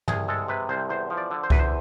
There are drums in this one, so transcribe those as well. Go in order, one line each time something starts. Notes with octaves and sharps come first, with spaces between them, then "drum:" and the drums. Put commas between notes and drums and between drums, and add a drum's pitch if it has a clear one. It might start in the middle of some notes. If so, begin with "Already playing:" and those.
C2 G#4, drum: tom
G#3 A4
C3 B4
C2 C5
E2 C5
F3
D5
D3
C5
E2 B4, drum: kick C2
C5